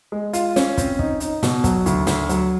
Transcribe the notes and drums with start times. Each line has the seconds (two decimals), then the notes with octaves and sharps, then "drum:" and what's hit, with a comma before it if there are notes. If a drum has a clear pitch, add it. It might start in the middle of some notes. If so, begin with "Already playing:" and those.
0.12 G#3
0.33 F4, drum: hi-hat
0.56 C#4, drum: snare
0.77 C4, drum: kick, hi-hat
0.99 D#4, drum: kick
1.20 D#4, drum: hi-hat
1.43 B2, drum: snare
1.64 F#3, drum: kick, hi-hat
1.86 D2, drum: hi-hat
2.07 D2, drum: snare
2.29 F#3, drum: hi-hat